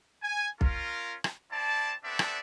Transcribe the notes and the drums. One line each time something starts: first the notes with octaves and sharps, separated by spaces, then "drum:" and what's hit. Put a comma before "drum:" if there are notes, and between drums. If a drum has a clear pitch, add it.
G#5
C#4 F4 A#4, drum: kick B1
drum: rim click
C4 E4 D5 A5
B3 C4 D4 A4 D5 E5
drum: rim click